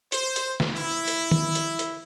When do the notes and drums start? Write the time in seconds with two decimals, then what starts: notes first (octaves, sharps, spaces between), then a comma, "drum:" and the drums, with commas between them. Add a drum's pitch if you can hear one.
0.12 C5, drum: hi-hat
0.36 drum: hi-hat
0.60 drum: snare
0.75 E4
1.08 drum: hi-hat
1.31 drum: tom D#3
1.55 drum: hi-hat
1.79 drum: hi-hat